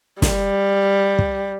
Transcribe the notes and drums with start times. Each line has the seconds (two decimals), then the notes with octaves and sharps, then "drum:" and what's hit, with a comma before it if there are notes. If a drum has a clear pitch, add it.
0.22 G3, drum: snare
1.19 drum: kick